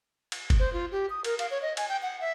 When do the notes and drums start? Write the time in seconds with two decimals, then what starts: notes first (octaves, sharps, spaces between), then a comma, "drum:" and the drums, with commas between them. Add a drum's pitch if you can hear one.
0.32 drum: cymbal
0.50 drum: kick, cymbal
0.59 C5
0.73 F4
0.92 G4
1.10 D#6
1.24 A#4, drum: cymbal
1.39 F5, drum: cymbal
1.51 C#5
1.62 D#5
1.77 G#5, drum: cymbal
1.89 G5
2.02 F#5
2.21 E5